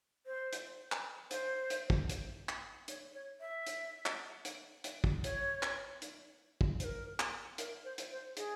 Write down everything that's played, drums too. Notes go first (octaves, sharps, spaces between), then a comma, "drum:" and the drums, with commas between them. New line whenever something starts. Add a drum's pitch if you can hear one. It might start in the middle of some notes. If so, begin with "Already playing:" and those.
C5
drum: hi-hat
drum: clap
C5, drum: hi-hat
drum: hi-hat
drum: kick
drum: hi-hat
drum: clap
C#5, drum: hi-hat
C#5
E5
drum: hi-hat
drum: clap
drum: hi-hat
drum: hi-hat
drum: kick
C#5, drum: hi-hat
drum: clap
drum: hi-hat
drum: kick
C5, drum: hi-hat
A#4
drum: clap
A#4, drum: hi-hat
C5
drum: hi-hat
C5
G#4, drum: hi-hat